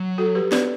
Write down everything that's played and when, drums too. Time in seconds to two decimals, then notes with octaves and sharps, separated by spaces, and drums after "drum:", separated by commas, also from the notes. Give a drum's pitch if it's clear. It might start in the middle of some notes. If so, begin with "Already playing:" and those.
Already playing: F#3
0.18 F#4 A4
0.35 G4 B4
0.52 B4 D5, drum: snare B3